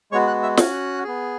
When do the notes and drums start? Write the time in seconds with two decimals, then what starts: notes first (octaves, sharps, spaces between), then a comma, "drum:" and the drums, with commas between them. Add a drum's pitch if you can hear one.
0.12 G#3 B3 F#4 C#5 C#6
0.27 F#5 F#6
0.43 E5 E6
0.57 C#4 F#4 F#5 F#6, drum: snare
1.04 B3 G#4